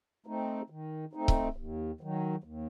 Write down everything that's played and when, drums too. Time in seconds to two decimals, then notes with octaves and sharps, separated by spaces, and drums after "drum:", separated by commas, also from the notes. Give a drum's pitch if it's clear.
0.26 A3 C4 D#4
0.70 D#3
1.13 A3 C4 D#4
1.28 drum: kick C#1
1.56 D#2
2.01 D#3 F#3
2.44 D#2